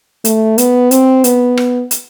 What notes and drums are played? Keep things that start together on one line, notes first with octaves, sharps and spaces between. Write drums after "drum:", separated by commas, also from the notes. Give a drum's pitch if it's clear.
A3, drum: hi-hat
B3, drum: hi-hat
C4, drum: hi-hat
B3, drum: hi-hat
drum: rim click
drum: hi-hat